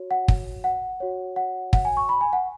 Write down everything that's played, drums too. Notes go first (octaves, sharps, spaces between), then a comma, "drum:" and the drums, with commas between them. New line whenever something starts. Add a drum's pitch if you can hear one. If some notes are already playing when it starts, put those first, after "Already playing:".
Already playing: F#4 C#5
F#5
drum: kick
F#5
F#4 C#5
F#5
F#5, drum: kick
G#5
C#6
B5
G#5
F#5